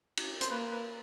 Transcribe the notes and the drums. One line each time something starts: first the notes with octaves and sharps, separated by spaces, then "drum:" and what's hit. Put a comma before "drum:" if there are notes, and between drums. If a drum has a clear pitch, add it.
drum: cymbal
C5, drum: hi-hat
A#3 B4
B4